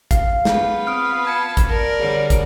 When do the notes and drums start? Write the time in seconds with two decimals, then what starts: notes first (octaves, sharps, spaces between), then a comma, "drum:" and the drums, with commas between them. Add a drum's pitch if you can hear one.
0.11 F5, drum: kick, hi-hat
0.45 B3 F4 G#4 B4 G6, drum: snare
0.87 C4 D#6 F6 D7
1.25 A5 B5 G#6 C#7
1.57 drum: kick, hi-hat
1.70 A#4 D5
2.00 D3 G3 G#4 C#5
2.30 drum: kick, hi-hat